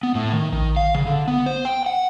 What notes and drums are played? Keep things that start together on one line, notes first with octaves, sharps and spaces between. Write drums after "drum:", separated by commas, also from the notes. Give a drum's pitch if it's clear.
B3
A2
D#3
D#3, drum: kick A1
F5
C#3, drum: tom D3
D3
B3
C5
G5
F#5